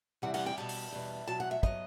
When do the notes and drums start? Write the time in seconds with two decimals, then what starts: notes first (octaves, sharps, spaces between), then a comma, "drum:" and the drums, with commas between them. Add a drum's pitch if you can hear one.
0.22 E2 C3 E3 G3 C4 F#5
0.34 F#5, drum: cymbal
0.46 G5
0.58 E2 B2 G3 A5
0.69 drum: open hi-hat
0.92 E2 B2 G3
1.27 E2 B2 F#3 A5
1.40 F#5
1.51 E5
1.63 B2 F#3 D#5, drum: kick